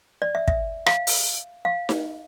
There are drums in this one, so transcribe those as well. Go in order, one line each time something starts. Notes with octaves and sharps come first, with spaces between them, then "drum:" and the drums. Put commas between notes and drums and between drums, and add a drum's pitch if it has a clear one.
D5
E5
E5, drum: kick
F5, drum: rim click
drum: open hi-hat
F5
drum: snare D#4